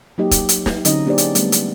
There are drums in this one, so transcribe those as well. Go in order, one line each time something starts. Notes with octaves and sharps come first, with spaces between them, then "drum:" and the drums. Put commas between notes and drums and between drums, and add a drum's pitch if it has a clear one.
F#3 A#3 D#4 G4 D#5
drum: kick E1, hi-hat
drum: hi-hat
drum: snare
D3 F#3 C4 C#4 D#4 D#5, drum: hi-hat
A#3 D4 G4 G#4 C5 D5
drum: hi-hat
G3 A3 B3, drum: hi-hat
drum: hi-hat